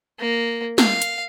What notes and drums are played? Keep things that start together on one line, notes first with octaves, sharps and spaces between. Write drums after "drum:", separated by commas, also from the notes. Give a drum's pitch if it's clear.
A#3
F5, drum: snare
drum: hi-hat